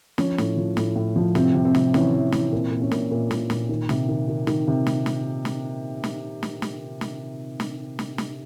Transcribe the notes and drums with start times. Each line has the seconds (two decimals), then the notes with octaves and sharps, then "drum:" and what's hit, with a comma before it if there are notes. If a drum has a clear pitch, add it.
0.18 F3 C#4, drum: snare
0.38 A2, drum: snare
0.57 F3
0.77 A2, drum: snare
0.96 A2
1.16 F3
1.35 C3 C4, drum: snare
1.55 C3
1.65 C4
1.75 C3, drum: snare
1.94 E3 C#4, drum: snare
2.14 E3
2.32 E3, drum: snare
2.52 A#2 C4
2.71 A#2
2.82 C#4
2.91 A#2, drum: snare
3.11 A#2
3.31 A#2, drum: snare
3.50 A#2, drum: snare
3.69 D#3
3.89 C3, drum: snare
4.09 D#3
4.28 D#3
4.47 D#3, drum: snare
4.68 C3
4.87 drum: snare
5.06 drum: snare
5.45 drum: snare
6.04 drum: snare
6.43 drum: snare
6.62 drum: snare
7.01 drum: snare
7.60 drum: snare
7.99 drum: snare
8.18 drum: snare